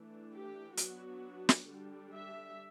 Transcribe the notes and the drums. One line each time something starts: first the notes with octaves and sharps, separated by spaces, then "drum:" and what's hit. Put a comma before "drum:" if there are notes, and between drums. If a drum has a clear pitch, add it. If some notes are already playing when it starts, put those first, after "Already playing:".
Already playing: E3 A3 D4
G4
F#3 B3 D4 F#4, drum: hi-hat
drum: snare
D3 G3 D4
E5